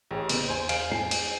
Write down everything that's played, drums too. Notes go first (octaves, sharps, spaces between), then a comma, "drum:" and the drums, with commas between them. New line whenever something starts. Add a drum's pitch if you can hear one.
A1 G4 G#4 C#5
C#3 A#3 B3, drum: cymbal
E2 C5 G#5 C6
F5 G#5 D7, drum: cymbal
G#5 C7
drum: cymbal